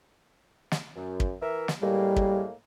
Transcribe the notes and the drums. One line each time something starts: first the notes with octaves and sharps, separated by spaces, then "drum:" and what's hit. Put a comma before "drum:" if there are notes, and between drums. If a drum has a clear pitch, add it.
drum: snare
F#2
drum: kick
E3 A#4 E5
drum: snare
A2 G3 G#3 A#3
drum: kick